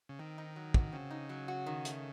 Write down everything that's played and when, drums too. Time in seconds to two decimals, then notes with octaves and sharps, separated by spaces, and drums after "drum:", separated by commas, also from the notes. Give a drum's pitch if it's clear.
0.09 C#3
0.19 D#3 C4
0.38 D#4
0.56 F#3
0.74 F#4, drum: kick
0.92 C#3 C4
1.11 D#4
1.29 F#3
1.48 F#4
1.66 D#3
1.85 A3, drum: hi-hat